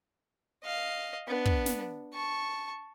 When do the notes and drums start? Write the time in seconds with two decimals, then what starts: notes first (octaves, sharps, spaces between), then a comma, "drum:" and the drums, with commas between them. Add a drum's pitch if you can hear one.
0.64 D#5 F5
1.28 B3 D4
1.45 drum: kick
1.66 drum: snare
2.14 A5 C#6